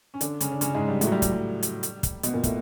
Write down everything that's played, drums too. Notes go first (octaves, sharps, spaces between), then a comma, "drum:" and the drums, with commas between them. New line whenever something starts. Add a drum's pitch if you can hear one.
C#4
D3 D4, drum: hi-hat
C#3 C#4, drum: hi-hat
D4
C#3 C#4, drum: hi-hat
G#2 G#3
G3
A2 A3, drum: hi-hat
F#3
G3
G3, drum: kick, hi-hat
G3
drum: hi-hat
drum: hi-hat
drum: kick, hi-hat
B2 B3, drum: hi-hat
A#2 A#3
A2 A3, drum: kick, hi-hat